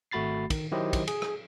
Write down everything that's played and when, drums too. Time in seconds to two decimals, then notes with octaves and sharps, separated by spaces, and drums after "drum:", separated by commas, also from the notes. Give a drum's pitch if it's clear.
0.11 G#1 A3 F#4 B5 A6 C7
0.50 D#3, drum: kick, cymbal
0.72 D#3 F#3 E4 G4 C5 D#5
0.93 drum: kick, cymbal
1.08 G#4, drum: cymbal
1.22 drum: rim click